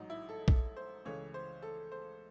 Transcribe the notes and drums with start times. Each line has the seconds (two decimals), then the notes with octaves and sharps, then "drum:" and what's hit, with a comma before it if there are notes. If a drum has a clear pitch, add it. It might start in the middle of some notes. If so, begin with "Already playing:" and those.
Already playing: A1 G#2 F#3 D#4
0.10 E4
0.29 A4
0.48 A4, drum: kick A#1
0.77 C5
1.05 C#2 C#3 E3 A3 C#5
1.34 C5
1.62 A4
1.92 C5